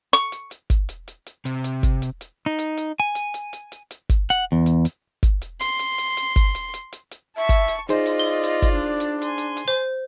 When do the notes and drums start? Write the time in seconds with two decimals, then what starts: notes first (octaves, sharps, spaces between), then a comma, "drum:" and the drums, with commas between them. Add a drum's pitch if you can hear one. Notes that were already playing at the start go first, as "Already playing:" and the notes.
0.13 C#6, drum: hi-hat
0.32 drum: hi-hat
0.51 drum: hi-hat
0.70 drum: kick G1, hi-hat
0.89 drum: hi-hat
1.08 drum: hi-hat
1.26 drum: hi-hat
1.45 C3, drum: hi-hat
1.64 drum: hi-hat
1.83 drum: kick G1, hi-hat
2.02 drum: hi-hat
2.21 drum: hi-hat
2.46 D#4
2.58 drum: hi-hat
2.77 drum: hi-hat
3.00 G#5
3.15 drum: hi-hat
3.34 drum: hi-hat
3.53 drum: hi-hat
3.72 drum: hi-hat
3.91 drum: hi-hat
4.09 drum: kick G1, hi-hat
4.30 F#5, drum: hi-hat
4.52 E2
4.66 drum: hi-hat
4.85 drum: hi-hat
5.23 drum: kick G1, hi-hat
5.42 drum: hi-hat
5.61 C6, drum: hi-hat
5.79 drum: hi-hat
5.98 drum: hi-hat
6.17 drum: hi-hat
6.36 drum: kick G1, hi-hat
6.55 drum: hi-hat
6.74 drum: hi-hat
6.92 drum: hi-hat
7.11 drum: hi-hat
7.37 E5 A5 C#6
7.49 drum: kick G1, hi-hat
7.68 drum: hi-hat
7.89 D#4 F4 G#4 C5 D5 D#5, drum: hi-hat
8.06 drum: hi-hat
8.19 G7
8.43 drum: hi-hat
8.62 drum: kick G1, hi-hat
8.72 D4
9.00 drum: hi-hat
9.22 G#5 C6, drum: hi-hat
9.38 drum: hi-hat
9.57 drum: hi-hat
9.68 C5